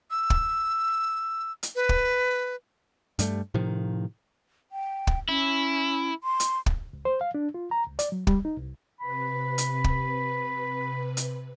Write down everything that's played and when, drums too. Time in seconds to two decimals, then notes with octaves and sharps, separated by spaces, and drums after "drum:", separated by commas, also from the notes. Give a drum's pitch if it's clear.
0.11 E6
0.30 drum: kick
1.63 drum: hi-hat
1.75 B4
1.89 drum: kick
3.19 G2 G3 A3, drum: hi-hat
3.54 A2 C3 D#3 F3
4.72 G5
5.07 drum: kick
5.29 C#4 E4
6.24 C6
6.40 drum: hi-hat
6.66 drum: kick
6.93 C#2
7.05 C5
7.21 F5
7.35 D4
7.54 F4
7.71 A#5
7.86 C#2
7.99 D5, drum: hi-hat
8.12 F#3
8.27 G3, drum: kick
8.45 D#4
8.57 C2
9.00 C3 B4 B5
9.58 drum: hi-hat
9.84 drum: kick
11.17 drum: hi-hat